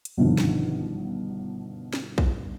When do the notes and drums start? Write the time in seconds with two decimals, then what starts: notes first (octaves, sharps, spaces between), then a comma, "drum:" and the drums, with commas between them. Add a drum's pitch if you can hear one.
0.05 drum: hi-hat
0.17 G1 F#2 B2 D3 D#3 F3
0.38 drum: snare
1.93 drum: snare
2.18 drum: kick A#1